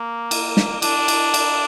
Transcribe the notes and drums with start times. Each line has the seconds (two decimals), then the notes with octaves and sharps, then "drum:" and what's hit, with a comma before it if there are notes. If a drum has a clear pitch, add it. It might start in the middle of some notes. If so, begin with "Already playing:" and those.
Already playing: A#3
0.31 drum: cymbal
0.57 drum: snare
0.82 D4, drum: cymbal
1.08 drum: cymbal
1.34 drum: cymbal